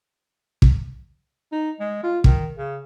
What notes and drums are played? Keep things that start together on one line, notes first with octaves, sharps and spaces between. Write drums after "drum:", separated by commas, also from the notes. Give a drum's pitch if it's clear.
drum: kick
D#4
G#3
F4
D#3, drum: kick
C#3